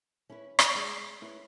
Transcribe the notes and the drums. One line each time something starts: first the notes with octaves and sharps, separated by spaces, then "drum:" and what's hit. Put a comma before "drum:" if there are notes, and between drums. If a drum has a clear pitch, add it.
C#4 E4 B4
drum: rim click
G#3
C#4 E4 B4